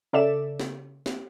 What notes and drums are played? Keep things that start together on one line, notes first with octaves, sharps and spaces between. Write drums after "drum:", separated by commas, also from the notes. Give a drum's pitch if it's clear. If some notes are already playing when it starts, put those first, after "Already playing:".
C#3 A4 D5 E5 E7
drum: snare
drum: snare